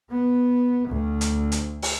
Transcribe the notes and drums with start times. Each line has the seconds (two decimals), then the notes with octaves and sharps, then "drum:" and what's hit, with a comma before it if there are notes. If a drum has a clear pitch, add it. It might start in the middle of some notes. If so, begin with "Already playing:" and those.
0.11 B3
0.90 D2
1.21 drum: hi-hat
1.52 drum: hi-hat
1.82 drum: open hi-hat